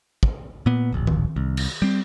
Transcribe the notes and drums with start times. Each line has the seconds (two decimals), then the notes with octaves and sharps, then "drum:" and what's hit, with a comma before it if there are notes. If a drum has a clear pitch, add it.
0.23 drum: kick
0.66 A#2 B3
0.92 D1 A#1
1.07 drum: tom D#3
1.36 C2
1.57 drum: cymbal
1.82 G3 C4